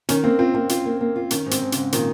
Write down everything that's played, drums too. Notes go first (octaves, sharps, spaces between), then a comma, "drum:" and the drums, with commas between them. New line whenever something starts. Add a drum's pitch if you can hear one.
D#3 C#4, drum: hi-hat
A#3 C4
C4 F4
A#3 C4
F4, drum: hi-hat
A#3
A#3
F4
D#3 C#4, drum: hi-hat
G#2
C4, drum: hi-hat
G#2
C#3, drum: hi-hat
G#2
A#2 D#3, drum: hi-hat